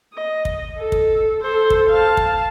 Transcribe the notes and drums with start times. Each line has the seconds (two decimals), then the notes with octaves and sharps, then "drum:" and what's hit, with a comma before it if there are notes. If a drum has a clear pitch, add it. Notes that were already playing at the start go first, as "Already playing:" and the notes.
0.14 D#5
0.45 drum: kick
0.78 A4
0.92 drum: kick
1.42 A4 C5
1.70 drum: kick
1.89 F5 A5
2.17 drum: kick